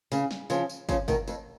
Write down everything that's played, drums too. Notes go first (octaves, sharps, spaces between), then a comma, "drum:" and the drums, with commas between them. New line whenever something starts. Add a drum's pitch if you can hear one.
C#3, drum: tambourine
drum: snare
C#3 F3, drum: tambourine
drum: tambourine
C#3 F3, drum: kick, tambourine
B2 D#3, drum: kick, tambourine
F2, drum: tambourine